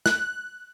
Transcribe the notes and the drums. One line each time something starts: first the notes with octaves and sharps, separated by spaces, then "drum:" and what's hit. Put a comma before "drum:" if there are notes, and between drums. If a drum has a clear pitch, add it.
F#6, drum: snare